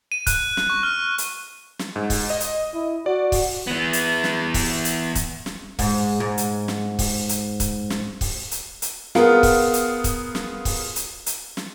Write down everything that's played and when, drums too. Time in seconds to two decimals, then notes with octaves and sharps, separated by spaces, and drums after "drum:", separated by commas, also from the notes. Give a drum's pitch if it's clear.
0.12 D#7
0.27 F#6, drum: kick, hi-hat
0.57 drum: snare
0.70 C#6
0.83 F6
1.18 drum: hi-hat
1.79 drum: snare
1.96 G#2
2.10 drum: kick, open hi-hat
2.30 D#5
2.40 drum: hi-hat
2.74 E4
3.06 F#4 D5
3.32 drum: kick, open hi-hat
3.67 E3 B3
3.93 drum: hi-hat
4.24 drum: snare
4.54 drum: kick, open hi-hat
4.85 drum: hi-hat
5.15 drum: kick, hi-hat
5.46 drum: snare
5.79 G#2, drum: kick, open hi-hat
6.20 G#2
6.38 drum: hi-hat
6.68 drum: snare
6.99 drum: kick, open hi-hat
7.29 drum: hi-hat
7.60 drum: kick, hi-hat
7.90 drum: snare
8.21 drum: kick, open hi-hat
8.51 drum: hi-hat
8.82 drum: hi-hat
9.15 B3 F4 G#4 A#4, drum: snare
9.43 drum: kick, open hi-hat
9.74 drum: hi-hat
10.04 drum: kick, hi-hat
10.35 drum: snare
10.65 drum: kick, open hi-hat
10.96 drum: hi-hat
11.26 drum: hi-hat
11.57 drum: snare